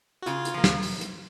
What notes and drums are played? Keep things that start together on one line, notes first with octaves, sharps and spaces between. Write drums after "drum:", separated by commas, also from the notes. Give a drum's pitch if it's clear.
F#4
C#3 F4, drum: hi-hat
drum: hi-hat
F3 A#3
drum: snare
drum: open hi-hat
drum: hi-hat